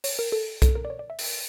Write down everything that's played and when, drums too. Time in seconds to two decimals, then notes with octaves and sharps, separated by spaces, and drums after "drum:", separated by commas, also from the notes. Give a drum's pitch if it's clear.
0.04 C#5, drum: open hi-hat
0.19 A#4
0.32 A4
0.62 A4, drum: kick B1, hi-hat
0.75 A#4
0.85 D5
0.90 C#5
0.99 D5
1.10 E5
1.19 drum: open hi-hat